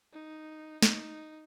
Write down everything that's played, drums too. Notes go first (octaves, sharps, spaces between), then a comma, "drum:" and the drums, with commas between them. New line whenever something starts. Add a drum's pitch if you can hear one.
D#4
D#4, drum: snare